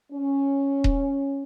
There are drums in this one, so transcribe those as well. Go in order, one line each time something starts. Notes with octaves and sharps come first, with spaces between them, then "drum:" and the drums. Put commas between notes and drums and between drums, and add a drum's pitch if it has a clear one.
C#4
drum: kick D#1